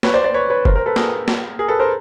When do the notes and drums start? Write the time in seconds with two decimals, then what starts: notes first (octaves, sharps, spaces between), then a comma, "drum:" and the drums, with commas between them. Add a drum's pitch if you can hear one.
0.03 B4 C#5, drum: snare
0.14 C5 D5
0.24 C5 D5
0.34 B4 C#5
0.50 B4 C#5
0.65 A#4 C5, drum: kick F#1
0.75 A#4 C5
0.86 A4 B4
0.96 G#4 A#4, drum: snare
1.28 drum: snare
1.59 G#4 A#4
1.68 A4 B4
1.79 A#4 C5